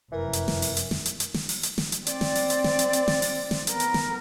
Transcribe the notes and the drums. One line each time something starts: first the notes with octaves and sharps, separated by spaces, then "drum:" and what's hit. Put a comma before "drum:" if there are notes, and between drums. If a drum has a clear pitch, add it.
F1 F#2 E3 A#4
drum: hi-hat
drum: snare
drum: open hi-hat
drum: hi-hat
drum: snare
drum: hi-hat
drum: hi-hat
drum: snare
drum: open hi-hat
drum: hi-hat
drum: snare
drum: hi-hat
C4 D5, drum: hi-hat
drum: snare
drum: open hi-hat
drum: hi-hat
drum: snare
drum: hi-hat
drum: hi-hat
drum: snare
drum: open hi-hat
drum: snare
B3 A#4, drum: hi-hat
drum: hi-hat
drum: snare